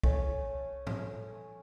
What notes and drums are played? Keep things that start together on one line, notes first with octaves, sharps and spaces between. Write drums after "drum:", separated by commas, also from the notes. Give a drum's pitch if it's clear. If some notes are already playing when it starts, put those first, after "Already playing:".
A3 C#4, drum: kick B1
drum: tom G#2